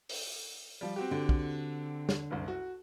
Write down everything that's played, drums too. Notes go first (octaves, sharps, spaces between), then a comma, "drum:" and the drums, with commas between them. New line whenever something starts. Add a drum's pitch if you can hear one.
drum: open hi-hat
F3 G3
C4 F#4 G4
D3
drum: kick
drum: snare
F#1 C2
F#4